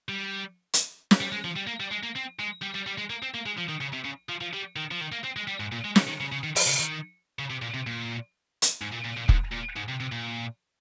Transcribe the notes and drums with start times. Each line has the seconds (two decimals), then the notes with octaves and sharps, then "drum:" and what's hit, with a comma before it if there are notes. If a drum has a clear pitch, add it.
0.09 G3
0.73 drum: hi-hat
1.11 drum: snare
1.21 G3
1.32 G#3
1.44 F3
1.56 G3
1.67 A#3
1.80 G3
1.91 G#3
2.03 A#3
2.15 C4
2.39 G#3
2.62 G3
2.75 G3
2.87 G3
2.98 G#3
3.10 A#3
3.22 C4
3.34 A#3
3.46 G#3
3.58 F3
3.69 D#3
3.81 C#3
3.94 C3
4.05 C#3
4.29 F3
4.41 F3
4.54 G3
4.76 D#3
4.91 F3
5.01 D#3
5.12 A#3
5.24 C4
5.37 G#3
5.48 G3
5.60 G#2
5.72 A#2
5.84 G#3
5.96 D#3, drum: snare
6.07 D#3
6.20 C#3
6.32 C#3
6.44 D#3
6.56 F3, drum: open hi-hat
6.67 C#3
6.79 D#3
7.39 C#3
7.50 C3
7.62 A#2
7.74 C3
7.87 A#2
8.62 drum: hi-hat
8.82 G#2
8.93 A#2
9.05 A#2
9.17 A#2
9.29 G#2, drum: kick
9.52 A#2
9.76 G#2
9.89 C3
10.00 C3
10.12 A#2